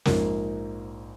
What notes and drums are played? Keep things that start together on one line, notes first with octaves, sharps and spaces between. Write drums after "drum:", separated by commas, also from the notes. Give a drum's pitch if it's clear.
A#1 G#2 A#3, drum: snare